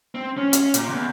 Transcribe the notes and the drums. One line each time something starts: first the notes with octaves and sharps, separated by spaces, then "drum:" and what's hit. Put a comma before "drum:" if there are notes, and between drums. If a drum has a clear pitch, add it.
C4
C#4
C#4, drum: hi-hat
A#2, drum: hi-hat
E2